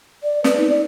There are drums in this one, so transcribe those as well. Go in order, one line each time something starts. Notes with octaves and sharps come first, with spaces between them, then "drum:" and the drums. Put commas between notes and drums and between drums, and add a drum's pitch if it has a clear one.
D5
B4, drum: snare
D#4
D5